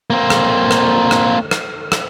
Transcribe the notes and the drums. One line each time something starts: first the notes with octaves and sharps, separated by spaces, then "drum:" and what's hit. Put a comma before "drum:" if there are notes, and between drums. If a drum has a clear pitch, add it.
A#3 C4
drum: rim click
drum: rim click
drum: rim click
drum: rim click
drum: rim click